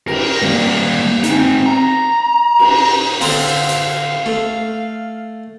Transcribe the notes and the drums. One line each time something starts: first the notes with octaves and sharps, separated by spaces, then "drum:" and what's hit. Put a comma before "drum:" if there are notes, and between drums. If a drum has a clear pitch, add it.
A#4, drum: cymbal
G3 A#3
C4 D#4, drum: hi-hat
A#5
drum: cymbal
D3 C4 F5, drum: open hi-hat
drum: hi-hat
A3